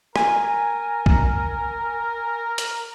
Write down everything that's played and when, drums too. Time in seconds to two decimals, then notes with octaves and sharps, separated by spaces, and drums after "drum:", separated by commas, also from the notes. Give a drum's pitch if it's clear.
0.16 A#4 G#5, drum: rim click
1.06 drum: kick B1
2.58 drum: hi-hat